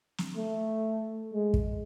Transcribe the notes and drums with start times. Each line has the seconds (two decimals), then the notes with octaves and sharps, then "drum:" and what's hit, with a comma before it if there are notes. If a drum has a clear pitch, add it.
0.18 drum: snare
0.36 A3
1.33 G#3
1.54 drum: kick